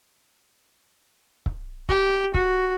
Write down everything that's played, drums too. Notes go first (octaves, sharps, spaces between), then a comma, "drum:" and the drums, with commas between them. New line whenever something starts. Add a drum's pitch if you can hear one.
drum: kick C#1
G4, drum: kick C#1
F#4, drum: kick C#1